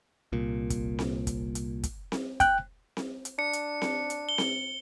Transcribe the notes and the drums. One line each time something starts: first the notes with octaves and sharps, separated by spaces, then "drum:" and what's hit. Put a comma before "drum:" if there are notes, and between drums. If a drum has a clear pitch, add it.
C2 A#2
drum: kick, hi-hat
drum: snare C4
drum: kick, hi-hat
drum: hi-hat
drum: kick, hi-hat
drum: snare C4
G5 F#6, drum: kick, hi-hat
drum: snare C4
drum: hi-hat
D4 C#7
drum: hi-hat
drum: snare C4
drum: hi-hat
G7
drum: snare C4